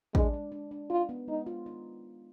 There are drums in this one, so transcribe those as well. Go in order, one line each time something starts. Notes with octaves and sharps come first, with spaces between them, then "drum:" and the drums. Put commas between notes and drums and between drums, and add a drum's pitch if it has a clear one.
G#3 D4, drum: kick A1
G#3
D4
D4
D#4 F4
B3
G#3 D#4
F4
D#4